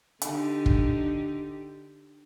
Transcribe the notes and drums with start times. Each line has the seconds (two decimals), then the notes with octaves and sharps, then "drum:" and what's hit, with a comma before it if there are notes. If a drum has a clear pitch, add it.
0.22 D3 D#4 G4, drum: hi-hat
0.66 drum: kick